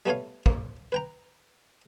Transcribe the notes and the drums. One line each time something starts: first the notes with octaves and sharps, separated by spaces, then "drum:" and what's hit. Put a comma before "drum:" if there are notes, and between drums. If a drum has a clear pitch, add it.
G3 A3 B3 A4 C#5 F5
A#3, drum: kick
B4 G5 A#5